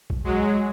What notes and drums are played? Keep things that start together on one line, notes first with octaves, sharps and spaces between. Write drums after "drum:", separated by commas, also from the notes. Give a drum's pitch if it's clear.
drum: kick
F#3 G#3